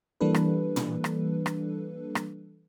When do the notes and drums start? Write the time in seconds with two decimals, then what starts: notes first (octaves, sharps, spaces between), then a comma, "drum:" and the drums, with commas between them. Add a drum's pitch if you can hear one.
0.21 E3 G3 A#3 D4 A4 B4
0.34 drum: rim click
0.76 drum: tom
1.04 drum: rim click
1.46 drum: rim click
2.15 drum: rim click